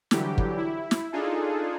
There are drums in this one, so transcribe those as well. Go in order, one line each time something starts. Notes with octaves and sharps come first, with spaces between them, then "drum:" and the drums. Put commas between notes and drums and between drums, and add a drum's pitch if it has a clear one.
D3 E3 F#3 G3 G4, drum: snare
drum: kick
E4
drum: snare
D4 D#4 F4 G#4 A4